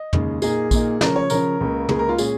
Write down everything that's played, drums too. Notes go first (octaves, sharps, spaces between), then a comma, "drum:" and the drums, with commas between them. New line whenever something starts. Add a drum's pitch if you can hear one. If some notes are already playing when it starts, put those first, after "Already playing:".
Already playing: D#5
D#2 C#3 G#3, drum: tom
A#2 A#3 D#4 G#4, drum: tambourine
A#2 A#3 D#4, drum: kick A#1, tambourine
C#3 F3 C#4 A#4, drum: snare
C#5
C#3 F3 C#4 A#4, drum: tambourine
C#2 C#3 A#3
C#2 C#3 A#3 G#4, drum: tom
A#4
F4
A#2 G#3 C#4 G#4, drum: tambourine